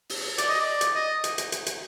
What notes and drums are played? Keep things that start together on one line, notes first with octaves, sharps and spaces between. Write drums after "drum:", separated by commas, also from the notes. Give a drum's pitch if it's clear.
drum: open hi-hat
D5, drum: hi-hat
D#5
D5
drum: hi-hat
D#5
drum: hi-hat
drum: hi-hat
drum: hi-hat
drum: hi-hat